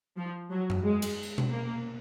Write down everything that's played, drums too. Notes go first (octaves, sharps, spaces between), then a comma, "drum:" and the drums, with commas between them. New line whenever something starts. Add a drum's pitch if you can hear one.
F3
F#3
drum: tom F#2
G#3
drum: cymbal
drum: tambourine
drum: tom B2
A#3